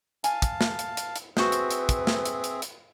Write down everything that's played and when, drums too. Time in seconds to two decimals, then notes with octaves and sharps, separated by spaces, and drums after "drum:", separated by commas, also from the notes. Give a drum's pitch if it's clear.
0.24 F5 G#5 A5, drum: hi-hat
0.42 drum: kick, hi-hat
0.61 drum: snare
0.79 drum: hi-hat
0.97 drum: hi-hat
1.16 drum: hi-hat
1.37 C4 F#4 G#4 B4 C5 E5, drum: snare
1.52 drum: hi-hat
1.71 drum: hi-hat
1.89 drum: kick, hi-hat
2.07 drum: snare
2.25 drum: hi-hat
2.44 drum: hi-hat
2.62 drum: hi-hat